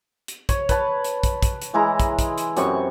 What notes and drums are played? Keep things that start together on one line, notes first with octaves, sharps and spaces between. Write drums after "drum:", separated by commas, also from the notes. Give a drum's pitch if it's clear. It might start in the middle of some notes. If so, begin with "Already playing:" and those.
drum: hi-hat
C#5, drum: kick, hi-hat
B4 A5, drum: kick, hi-hat
drum: hi-hat
drum: kick, hi-hat
drum: kick, hi-hat
drum: hi-hat
E3 G#3 E4 A#5
drum: kick, hi-hat
drum: kick, hi-hat
drum: hi-hat
F#2 C3 C#6, drum: hi-hat